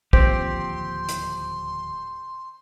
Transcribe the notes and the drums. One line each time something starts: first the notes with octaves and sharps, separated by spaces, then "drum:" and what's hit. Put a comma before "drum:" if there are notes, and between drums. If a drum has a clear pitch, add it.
D1 D#2 F3 C4 G4 C6, drum: kick
drum: hi-hat